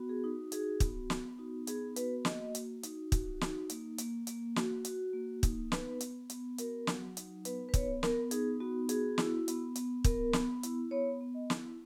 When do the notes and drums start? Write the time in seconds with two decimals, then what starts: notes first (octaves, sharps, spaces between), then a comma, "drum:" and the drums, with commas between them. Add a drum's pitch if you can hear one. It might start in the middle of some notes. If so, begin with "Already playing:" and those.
Already playing: B3 F#4
0.09 G#4
0.24 D#4
0.52 F#4 G#4, drum: hi-hat
0.80 B3, drum: kick, hi-hat
1.10 B3, drum: snare
1.39 D#4 F#4
1.67 B3 G#4, drum: hi-hat
1.96 F#4 B4, drum: hi-hat
2.25 A#3 D#5, drum: snare
2.55 F#4, drum: hi-hat
2.83 D#4, drum: hi-hat
3.12 F#4, drum: kick, hi-hat
3.41 D#4, drum: snare
3.70 A#3, drum: hi-hat
3.98 A#3, drum: hi-hat
4.27 A#3, drum: hi-hat
4.56 F#4, drum: snare
4.85 F#4, drum: hi-hat
5.13 A#3
5.43 D#4, drum: kick, hi-hat
5.72 B3 B4, drum: snare
6.00 B3, drum: hi-hat
6.30 B3, drum: hi-hat
6.58 F#4 A#4, drum: hi-hat
6.87 F#3, drum: snare
7.17 D#4, drum: hi-hat
7.45 B3 B4, drum: hi-hat
7.69 B4
7.74 B3 C#5, drum: kick, hi-hat
8.03 B3 A#4, drum: snare
8.31 D#4 G#4, drum: hi-hat
8.60 B3 F#4
8.89 F#4 G#4, drum: hi-hat
9.18 E4, drum: snare
9.48 B3, drum: hi-hat
9.75 B3, drum: hi-hat
10.04 B3 A#4, drum: kick, hi-hat
10.33 B3, drum: snare
10.63 E4, drum: hi-hat
10.91 B3 C#5
11.21 B3
11.34 D#5
11.50 E4, drum: snare